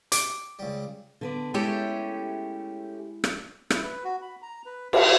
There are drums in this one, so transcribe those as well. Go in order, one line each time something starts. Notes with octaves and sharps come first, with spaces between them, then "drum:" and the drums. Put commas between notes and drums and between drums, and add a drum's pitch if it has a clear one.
D6, drum: hi-hat
C#2 G3
D3 B3 D5
G#3 A3 C#4 E4 G4
drum: rim click
E4, drum: rim click
B4
F#4
B5
A#5
B4
E4, drum: cymbal